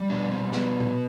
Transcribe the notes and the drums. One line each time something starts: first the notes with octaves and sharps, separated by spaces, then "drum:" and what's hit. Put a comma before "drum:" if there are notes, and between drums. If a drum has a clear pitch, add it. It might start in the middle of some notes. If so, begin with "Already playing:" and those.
Already playing: G3
B2 B3 D4
C4
G3 B3, drum: snare
drum: tom A#2